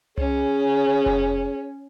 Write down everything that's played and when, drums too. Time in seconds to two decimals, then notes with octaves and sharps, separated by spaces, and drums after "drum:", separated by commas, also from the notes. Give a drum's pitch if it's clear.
0.18 C#4 G#4, drum: tom C2
1.06 drum: kick F1